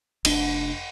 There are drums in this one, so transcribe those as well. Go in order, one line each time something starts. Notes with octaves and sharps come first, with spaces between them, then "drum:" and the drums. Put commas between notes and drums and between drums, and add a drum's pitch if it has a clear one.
F1 D4, drum: cymbal